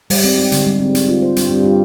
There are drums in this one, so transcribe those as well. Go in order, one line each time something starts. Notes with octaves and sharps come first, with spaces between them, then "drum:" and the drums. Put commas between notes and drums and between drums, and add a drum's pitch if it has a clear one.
G#2 G3, drum: open hi-hat
C4
G4
D3, drum: hi-hat
G3
C4
C4, drum: hi-hat
F4
C5
G2 G3, drum: hi-hat
C4
F4